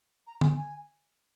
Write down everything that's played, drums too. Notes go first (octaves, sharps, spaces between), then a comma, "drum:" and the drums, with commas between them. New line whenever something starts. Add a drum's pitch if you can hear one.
A#5
G#5, drum: tom
G#5